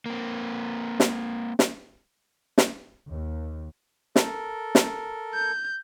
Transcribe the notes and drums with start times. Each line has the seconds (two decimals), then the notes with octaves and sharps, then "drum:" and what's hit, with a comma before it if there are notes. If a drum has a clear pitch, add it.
0.06 A#3 C4
1.00 drum: snare
1.59 drum: snare
2.58 drum: snare
3.10 D#2
4.16 A4 A#4, drum: snare
4.75 drum: snare
5.35 G6